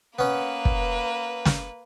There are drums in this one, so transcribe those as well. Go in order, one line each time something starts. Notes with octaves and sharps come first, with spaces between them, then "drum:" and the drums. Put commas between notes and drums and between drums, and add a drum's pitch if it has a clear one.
A#3 B3 C#4 B4
drum: kick
drum: snare